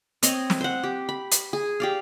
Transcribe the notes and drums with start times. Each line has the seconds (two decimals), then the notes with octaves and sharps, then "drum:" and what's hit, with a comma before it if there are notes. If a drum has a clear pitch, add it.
0.23 C4 C#5 D#5, drum: hi-hat
0.50 drum: snare
0.61 C5 F#5
0.84 G4
1.09 B5
1.31 drum: hi-hat
1.53 G#4
1.80 G4 D5 F5